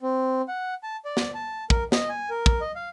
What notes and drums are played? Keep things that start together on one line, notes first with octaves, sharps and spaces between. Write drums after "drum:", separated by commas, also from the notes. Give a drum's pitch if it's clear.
C4
F#5
A5
D5
drum: snare
A5
A#4, drum: kick
D#5, drum: snare
G#5
A#4
drum: kick
D#5
F5